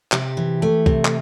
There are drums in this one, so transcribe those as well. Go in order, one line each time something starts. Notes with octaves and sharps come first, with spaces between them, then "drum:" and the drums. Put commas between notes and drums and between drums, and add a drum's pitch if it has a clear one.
C3 G4, drum: clap
E3
A3
C3, drum: kick
drum: clap